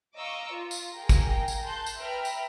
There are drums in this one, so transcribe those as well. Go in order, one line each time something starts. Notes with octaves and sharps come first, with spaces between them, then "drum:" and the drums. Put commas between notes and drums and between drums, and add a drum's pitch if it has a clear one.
D#5 F5 A#5 C#6 D6 E6
F4
drum: tambourine
G#4 A#4 F5 G5 A#5
drum: kick, tambourine
drum: tambourine
A5 C6 F#6 G6
drum: tambourine
B4 E5 G5 A#5 B5 F6
drum: tambourine